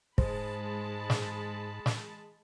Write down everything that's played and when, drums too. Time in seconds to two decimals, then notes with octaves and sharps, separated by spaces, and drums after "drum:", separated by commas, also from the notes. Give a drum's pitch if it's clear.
0.18 G#2 G#3 C5 A5 B5, drum: kick
1.10 drum: snare
1.86 drum: snare